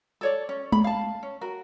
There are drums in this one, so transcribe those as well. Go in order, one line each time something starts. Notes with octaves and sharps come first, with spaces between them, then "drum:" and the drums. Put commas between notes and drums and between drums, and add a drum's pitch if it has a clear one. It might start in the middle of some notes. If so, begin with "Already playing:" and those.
A4 C#5 D5
C#4
B5, drum: tom G#3
F5 A5
C#4
F#4 A#4